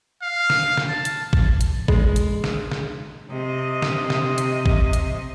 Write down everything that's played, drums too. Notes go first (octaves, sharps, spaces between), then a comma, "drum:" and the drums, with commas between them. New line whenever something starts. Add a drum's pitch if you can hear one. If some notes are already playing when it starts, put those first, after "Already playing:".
F5
drum: snare
drum: snare
A5
drum: hi-hat
drum: kick
drum: hi-hat
G#3, drum: kick
drum: hi-hat
drum: snare
drum: snare
C3 D#5
drum: snare
drum: snare
drum: hi-hat
drum: kick
drum: hi-hat